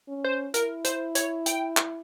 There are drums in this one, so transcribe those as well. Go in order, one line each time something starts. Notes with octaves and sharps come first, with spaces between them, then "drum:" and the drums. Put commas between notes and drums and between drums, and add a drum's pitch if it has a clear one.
C#4
C5
E4 A#4, drum: hi-hat
C5, drum: hi-hat
C#5, drum: hi-hat
G5, drum: hi-hat
drum: clap